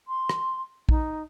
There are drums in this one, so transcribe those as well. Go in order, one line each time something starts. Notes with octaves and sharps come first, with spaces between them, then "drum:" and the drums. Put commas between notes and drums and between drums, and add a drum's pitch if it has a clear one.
C6
drum: rim click
D#4, drum: kick